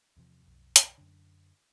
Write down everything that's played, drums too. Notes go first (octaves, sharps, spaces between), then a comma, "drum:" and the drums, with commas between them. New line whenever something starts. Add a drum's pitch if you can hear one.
E2 C3 F3
B1 F2
drum: hi-hat
F#2 D3